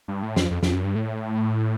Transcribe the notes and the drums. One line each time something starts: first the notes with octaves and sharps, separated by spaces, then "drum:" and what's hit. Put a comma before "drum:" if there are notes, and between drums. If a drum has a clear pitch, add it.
G2
A2
F2, drum: snare
F2
F2, drum: snare
F#2
G2
A2